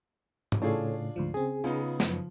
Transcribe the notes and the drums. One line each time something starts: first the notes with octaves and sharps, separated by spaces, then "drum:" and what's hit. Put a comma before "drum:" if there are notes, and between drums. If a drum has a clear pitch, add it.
drum: tom G#2
A2 C#3 D4 F4 G#4 A4 C#5
D2 G#2 F3
C#3 C4 G#4
C#3 B3 D#4 F4
F#2 F3, drum: snare